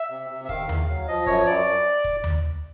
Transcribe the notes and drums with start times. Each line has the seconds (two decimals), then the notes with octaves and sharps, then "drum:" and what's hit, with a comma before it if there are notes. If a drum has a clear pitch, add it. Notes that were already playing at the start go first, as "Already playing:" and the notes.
Already playing: E5
0.10 C3
0.30 C3
0.45 E5
0.49 D#3 F5, drum: kick
0.69 E2, drum: tom D#2
0.89 F#3
1.08 F3 D#5
1.26 F#2 C#5, drum: kick
1.46 F#2 D5
2.04 drum: kick
2.24 drum: tom D#2